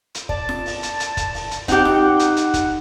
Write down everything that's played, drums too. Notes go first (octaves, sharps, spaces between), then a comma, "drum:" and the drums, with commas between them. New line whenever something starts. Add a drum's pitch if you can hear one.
drum: hi-hat
D5 A5, drum: kick
drum: snare F4
drum: open hi-hat
drum: hi-hat
drum: hi-hat
drum: kick, hi-hat
drum: open hi-hat
drum: hi-hat
C4 D#4 G4 F#5, drum: kick, hi-hat
drum: snare F4
drum: hi-hat
drum: hi-hat
drum: kick, hi-hat